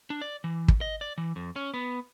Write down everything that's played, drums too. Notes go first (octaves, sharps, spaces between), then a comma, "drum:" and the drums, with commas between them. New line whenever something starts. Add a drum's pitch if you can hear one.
D4
D5
E3
drum: kick
D#5
D5
E3
F2
C#4
B3